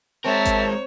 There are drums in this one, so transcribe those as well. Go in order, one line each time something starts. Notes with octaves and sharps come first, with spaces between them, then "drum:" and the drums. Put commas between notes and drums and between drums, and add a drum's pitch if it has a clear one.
G#3 C4 A#4 C#5 E5 A5
drum: kick G#1, hi-hat